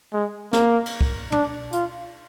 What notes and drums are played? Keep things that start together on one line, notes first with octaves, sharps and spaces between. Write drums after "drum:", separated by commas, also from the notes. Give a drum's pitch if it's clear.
G#3
A#3, drum: snare
drum: cymbal
drum: kick
D4, drum: tom
F4, drum: hi-hat